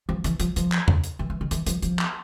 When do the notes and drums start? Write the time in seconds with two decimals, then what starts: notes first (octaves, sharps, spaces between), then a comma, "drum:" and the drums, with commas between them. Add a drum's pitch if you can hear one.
0.09 F3
0.24 E3, drum: hi-hat
0.40 F3, drum: hi-hat
0.56 F3, drum: hi-hat
0.72 drum: clap
0.88 drum: tom E2
1.04 drum: hi-hat
1.19 E3
1.30 E3
1.41 D#3
1.51 E3, drum: hi-hat
1.66 F3, drum: hi-hat
1.82 F3, drum: hi-hat
1.99 drum: clap